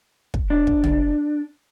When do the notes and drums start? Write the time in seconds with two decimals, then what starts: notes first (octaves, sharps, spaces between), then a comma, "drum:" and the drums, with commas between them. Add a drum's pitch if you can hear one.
0.34 drum: kick
0.50 D4
0.67 drum: kick
0.84 drum: tom